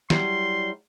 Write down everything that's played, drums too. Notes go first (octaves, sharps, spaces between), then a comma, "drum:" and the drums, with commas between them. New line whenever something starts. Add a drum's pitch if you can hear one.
F#3 G3 E4 C6, drum: snare